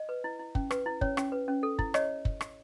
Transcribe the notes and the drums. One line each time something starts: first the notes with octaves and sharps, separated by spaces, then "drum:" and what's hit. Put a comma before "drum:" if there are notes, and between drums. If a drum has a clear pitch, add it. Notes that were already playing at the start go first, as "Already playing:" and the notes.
Already playing: D#5
B4
E4
E4
C#4, drum: kick
B4, drum: rim click
E4
C#4 C#5, drum: kick
C#4, drum: rim click
B4
C#4
A4
E4, drum: kick
C#5 D#5, drum: rim click
drum: kick
drum: rim click